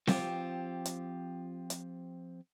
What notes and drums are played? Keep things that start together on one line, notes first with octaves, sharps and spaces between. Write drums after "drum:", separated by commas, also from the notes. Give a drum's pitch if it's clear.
F3 C4 F4 G4, drum: snare C4
drum: hi-hat
drum: hi-hat